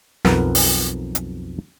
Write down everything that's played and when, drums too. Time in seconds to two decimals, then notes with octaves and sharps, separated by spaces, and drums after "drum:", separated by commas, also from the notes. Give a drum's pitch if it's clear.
0.25 B1 F2 A#4 B4 F#5, drum: snare
0.55 drum: open hi-hat
1.15 drum: hi-hat